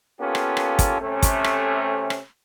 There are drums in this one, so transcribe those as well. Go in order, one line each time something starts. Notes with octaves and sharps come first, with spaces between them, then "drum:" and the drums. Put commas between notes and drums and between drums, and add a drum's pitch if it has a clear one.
A#3 B3 C#4 F4 G4 A4
drum: rim click
drum: rim click
drum: kick, hi-hat
C3 A3 C#4
drum: kick, hi-hat
drum: rim click
drum: rim click